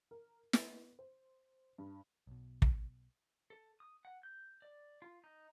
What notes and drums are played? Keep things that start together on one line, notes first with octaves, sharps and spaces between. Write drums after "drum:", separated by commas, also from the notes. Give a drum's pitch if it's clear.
A#4
B3, drum: snare
C5
G2
B1 B2
drum: kick
A4
D#6
F#5
G6
D5
F4
D#4